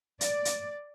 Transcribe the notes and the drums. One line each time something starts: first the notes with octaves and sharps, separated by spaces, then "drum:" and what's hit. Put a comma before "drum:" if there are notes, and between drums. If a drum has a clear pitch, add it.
D5, drum: hi-hat
drum: hi-hat